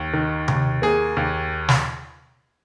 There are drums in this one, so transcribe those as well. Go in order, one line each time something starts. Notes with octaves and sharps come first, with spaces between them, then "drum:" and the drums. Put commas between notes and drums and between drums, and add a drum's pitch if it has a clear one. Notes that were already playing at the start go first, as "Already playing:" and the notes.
Already playing: D#2
D#3
D#2, drum: tom C3
A#3 G#4
D#2
drum: snare